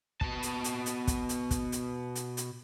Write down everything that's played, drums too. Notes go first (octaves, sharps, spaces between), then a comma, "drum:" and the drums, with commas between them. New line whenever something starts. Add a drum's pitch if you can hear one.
B2 A5, drum: kick
drum: hi-hat
drum: hi-hat
drum: hi-hat
drum: kick, hi-hat
drum: hi-hat
drum: kick, hi-hat
drum: hi-hat
drum: hi-hat
drum: hi-hat